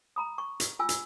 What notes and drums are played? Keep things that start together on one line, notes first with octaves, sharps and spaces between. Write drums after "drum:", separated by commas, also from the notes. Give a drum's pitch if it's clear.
A#5 B5 D#6
C#6
drum: hi-hat
F4 G#5 E6
drum: hi-hat